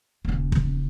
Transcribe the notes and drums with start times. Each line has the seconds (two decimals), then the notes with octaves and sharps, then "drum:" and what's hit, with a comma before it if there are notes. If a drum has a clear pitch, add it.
0.25 D#1 C#3
0.52 drum: kick